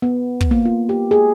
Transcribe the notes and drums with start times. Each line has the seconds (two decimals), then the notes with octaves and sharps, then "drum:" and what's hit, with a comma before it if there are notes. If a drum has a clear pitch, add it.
0.02 B3
0.41 drum: kick
0.51 A#3
0.65 F4
0.89 G4
1.11 G#4